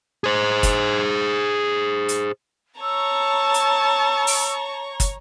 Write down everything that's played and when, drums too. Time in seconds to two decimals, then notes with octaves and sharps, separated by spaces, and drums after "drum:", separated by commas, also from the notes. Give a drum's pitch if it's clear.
0.24 G#4 C5
0.63 drum: kick, hi-hat
2.09 drum: hi-hat
2.81 C#5 A5 A#5 C#6 E6
3.54 drum: hi-hat
4.27 drum: open hi-hat
5.00 drum: kick, hi-hat